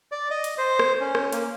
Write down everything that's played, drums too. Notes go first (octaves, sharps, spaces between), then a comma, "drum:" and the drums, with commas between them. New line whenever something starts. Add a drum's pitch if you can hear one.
D5
D#5
drum: hi-hat
C5
drum: rim click
C#4
drum: rim click
A#3, drum: hi-hat